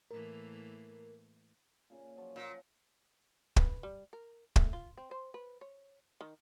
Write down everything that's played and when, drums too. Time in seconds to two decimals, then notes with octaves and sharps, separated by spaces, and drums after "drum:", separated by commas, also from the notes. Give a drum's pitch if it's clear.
0.11 A2 E3 A#3 A#4
1.90 A#2 C#3 G#5
2.17 F3 F#3 F4
2.36 A#2
3.56 B4, drum: kick
3.83 G3
4.13 A#4
4.56 A3, drum: kick
4.73 F4
4.97 C4
5.11 C5
5.34 B4
5.61 C#5
6.21 D#3